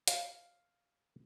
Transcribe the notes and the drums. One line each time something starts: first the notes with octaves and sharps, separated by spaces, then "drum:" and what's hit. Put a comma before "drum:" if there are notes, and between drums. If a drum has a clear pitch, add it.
F5, drum: hi-hat